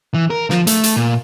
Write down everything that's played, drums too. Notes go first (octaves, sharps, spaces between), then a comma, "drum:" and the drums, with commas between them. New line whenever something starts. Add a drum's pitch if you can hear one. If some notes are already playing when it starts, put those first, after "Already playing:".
E3
A#4
F3, drum: snare
A3, drum: hi-hat
drum: hi-hat
A#2